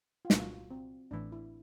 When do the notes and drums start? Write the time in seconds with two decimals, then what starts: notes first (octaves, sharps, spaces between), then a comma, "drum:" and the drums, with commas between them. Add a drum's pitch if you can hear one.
0.25 F4
0.30 C2 A#2 F#3 A#3 F#4, drum: snare
0.71 C4
1.11 A1 A2 E3 D4
1.32 E4